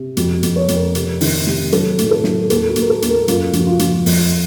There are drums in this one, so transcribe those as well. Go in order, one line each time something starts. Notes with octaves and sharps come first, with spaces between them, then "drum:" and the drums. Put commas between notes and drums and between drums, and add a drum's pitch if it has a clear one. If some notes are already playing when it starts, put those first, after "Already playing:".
Already playing: C3
F2 F#4, drum: hi-hat
F2, drum: hi-hat
C#5
F2, drum: hi-hat
A#4
C3, drum: hi-hat
D#3, drum: open hi-hat
C3, drum: snare
F#3 A4, drum: hi-hat
A2, drum: hi-hat
A4
F#3, drum: snare
D#2 A4, drum: hi-hat
F#4
D#2, drum: hi-hat
A#4
A4
D#2, drum: hi-hat
A#4
F#2 F4, drum: hi-hat
F3, drum: hi-hat
F#4
F4
F3, drum: hi-hat
F2, drum: open hi-hat